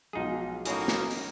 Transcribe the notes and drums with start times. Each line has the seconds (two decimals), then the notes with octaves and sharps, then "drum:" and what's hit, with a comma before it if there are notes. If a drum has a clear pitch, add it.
0.13 B1 F3 G#3 D#4 F4 G#4 F5
0.65 A2 F#3 A#3 C#4 D#4 G#4 A#4, drum: hi-hat
0.88 drum: snare
1.11 drum: open hi-hat